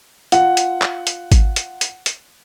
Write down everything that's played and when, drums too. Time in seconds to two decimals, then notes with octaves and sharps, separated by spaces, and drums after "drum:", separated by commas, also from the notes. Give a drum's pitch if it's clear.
0.32 F4 F#5, drum: hi-hat
0.57 drum: hi-hat
0.82 drum: clap
1.07 drum: hi-hat
1.32 drum: kick G#1, hi-hat
1.56 drum: hi-hat
1.81 drum: hi-hat
2.06 drum: hi-hat